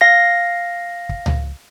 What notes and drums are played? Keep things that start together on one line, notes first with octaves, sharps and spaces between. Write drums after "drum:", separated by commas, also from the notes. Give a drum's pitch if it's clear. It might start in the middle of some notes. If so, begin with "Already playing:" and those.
F5 A#6
drum: kick
drum: tom C#2